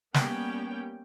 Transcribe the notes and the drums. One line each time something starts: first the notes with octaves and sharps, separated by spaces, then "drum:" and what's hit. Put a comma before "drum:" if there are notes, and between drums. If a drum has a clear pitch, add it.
G3 A#3 B3 C#4 G4 G5, drum: snare